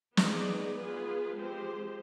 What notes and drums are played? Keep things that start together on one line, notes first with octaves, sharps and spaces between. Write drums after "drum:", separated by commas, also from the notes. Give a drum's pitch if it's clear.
B3 D#4 G#4 D5, drum: snare
B3 F4 G#4 B4
F3 G#3 C4 G4 C5